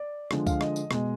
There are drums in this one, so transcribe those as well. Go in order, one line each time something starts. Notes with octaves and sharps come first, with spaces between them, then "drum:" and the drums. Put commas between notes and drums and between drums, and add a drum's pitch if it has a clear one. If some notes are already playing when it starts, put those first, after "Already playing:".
Already playing: D5
D3 F3 G#3, drum: rim click
F5, drum: kick C#2, tambourine
D#5, drum: rim click
drum: tambourine
B2 G#3, drum: rim click